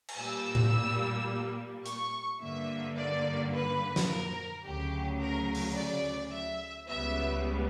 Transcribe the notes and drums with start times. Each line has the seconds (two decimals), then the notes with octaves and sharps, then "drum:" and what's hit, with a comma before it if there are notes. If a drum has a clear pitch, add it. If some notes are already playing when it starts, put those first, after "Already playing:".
0.08 drum: cymbal
0.18 A#2 G3 A#3 E6
0.55 drum: tom A2
1.86 C#6, drum: hi-hat
2.41 G2 D3 A#3 E5
2.97 D5
3.53 B4
3.96 drum: snare
4.09 A#4
4.64 D2 C#3 F#3 G4
5.20 A#4
5.55 drum: open hi-hat
5.75 D5
6.31 E5
6.88 C#2 C#3 G3 B3 E5